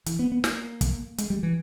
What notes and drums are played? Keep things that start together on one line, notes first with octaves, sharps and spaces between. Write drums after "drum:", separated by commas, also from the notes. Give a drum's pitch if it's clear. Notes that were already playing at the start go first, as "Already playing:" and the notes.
E3, drum: hi-hat
B3
B3
A#3, drum: snare
drum: kick, hi-hat
G#3, drum: hi-hat
G3
E3